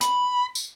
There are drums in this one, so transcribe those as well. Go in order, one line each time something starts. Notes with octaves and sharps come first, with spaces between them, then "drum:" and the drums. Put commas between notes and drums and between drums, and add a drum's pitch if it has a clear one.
B5, drum: hi-hat
drum: tambourine